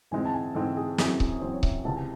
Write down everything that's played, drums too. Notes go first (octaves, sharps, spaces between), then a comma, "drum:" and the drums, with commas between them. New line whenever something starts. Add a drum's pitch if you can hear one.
G#2 E3 G#3 C4 G#5
A5
G#5
G#2 E3 G#3 C4 A4
G#4
F#2 E3 C4 G#4, drum: snare
drum: kick C#1
F#2 E3 C4 C5
C#5
E5, drum: kick C#1
C#2 C3 E3 C4 A5
G#5